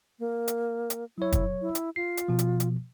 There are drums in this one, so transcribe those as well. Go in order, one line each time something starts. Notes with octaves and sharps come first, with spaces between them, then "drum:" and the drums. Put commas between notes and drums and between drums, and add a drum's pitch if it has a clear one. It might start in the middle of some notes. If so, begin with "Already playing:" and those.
A#3
drum: hi-hat
drum: hi-hat
F#3 E4 C#5
drum: kick, hi-hat
E4
drum: hi-hat
F4 C7
drum: hi-hat
B2 F3
drum: hi-hat
drum: hi-hat